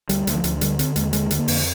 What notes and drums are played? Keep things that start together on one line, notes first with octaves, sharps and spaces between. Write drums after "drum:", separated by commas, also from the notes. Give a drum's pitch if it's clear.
D2 G3, drum: hi-hat
D2, drum: hi-hat
F3
D2, drum: hi-hat
D3 G3, drum: hi-hat
D3 C4, drum: hi-hat
D#2 G#3, drum: hi-hat
D3 G#3, drum: hi-hat
D3, drum: hi-hat
A#3
F2, drum: open hi-hat